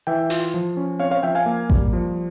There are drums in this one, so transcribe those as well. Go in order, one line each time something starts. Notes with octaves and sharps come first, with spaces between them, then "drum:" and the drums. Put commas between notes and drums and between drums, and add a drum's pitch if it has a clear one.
E3 E5 G5
F4, drum: open hi-hat
F3
C#4
C4 C#5 F5
C#5 F5
F3 E5 G5
F5 G#5
A#3
G3, drum: kick A1
F3